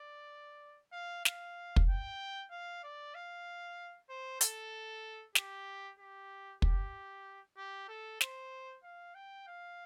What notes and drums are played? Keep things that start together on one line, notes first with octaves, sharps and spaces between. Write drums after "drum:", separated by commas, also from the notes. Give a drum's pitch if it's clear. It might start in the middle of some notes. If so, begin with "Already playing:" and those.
Already playing: D5
F5
F5, drum: snare
drum: kick
G5
F5
D5
F5
C5
A4, drum: hi-hat
G4, drum: snare
G4
G4, drum: kick
G4
A4
C5, drum: snare
F5
G5
F5